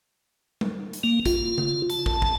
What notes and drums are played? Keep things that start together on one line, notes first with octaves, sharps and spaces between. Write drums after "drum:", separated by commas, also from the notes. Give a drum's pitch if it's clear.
drum: tom G3
drum: hi-hat
A#3
F4, drum: kick, hi-hat
drum: tom C#3
A5, drum: hi-hat
drum: kick
drum: kick